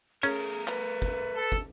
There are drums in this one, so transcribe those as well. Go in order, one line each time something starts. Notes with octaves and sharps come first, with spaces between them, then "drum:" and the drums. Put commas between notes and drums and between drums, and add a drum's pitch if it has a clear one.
A3 C#4 G#4 A#4
B4, drum: clap
drum: kick
A4
drum: kick